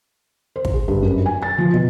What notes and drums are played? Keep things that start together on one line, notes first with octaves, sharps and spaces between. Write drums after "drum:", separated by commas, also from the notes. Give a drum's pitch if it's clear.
C5
drum: kick
G#4
G2
F#2
G#5
A6
F3
B2